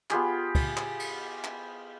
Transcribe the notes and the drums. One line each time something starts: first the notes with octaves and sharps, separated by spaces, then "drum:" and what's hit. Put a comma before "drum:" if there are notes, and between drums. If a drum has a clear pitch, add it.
B3 F4 G4 G#4, drum: clap
drum: kick, cymbal
drum: clap
drum: cymbal
drum: clap